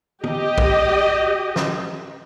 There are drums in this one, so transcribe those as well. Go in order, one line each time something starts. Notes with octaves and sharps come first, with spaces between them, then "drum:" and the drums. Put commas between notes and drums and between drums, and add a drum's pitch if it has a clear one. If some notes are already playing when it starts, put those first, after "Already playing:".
G4 D#5, drum: tom
drum: kick
drum: snare